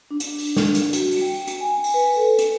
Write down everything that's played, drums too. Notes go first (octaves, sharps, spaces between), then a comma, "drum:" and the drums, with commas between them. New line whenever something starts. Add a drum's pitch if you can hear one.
D4
drum: hi-hat
drum: open hi-hat
drum: snare
drum: hi-hat
F#4, drum: hi-hat
drum: open hi-hat
G5
drum: hi-hat
G#5
drum: open hi-hat
B4
A4
drum: hi-hat